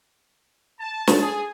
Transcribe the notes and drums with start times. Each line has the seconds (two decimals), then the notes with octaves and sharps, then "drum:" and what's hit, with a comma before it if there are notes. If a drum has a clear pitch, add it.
0.79 A5
1.07 drum: snare
1.20 G#4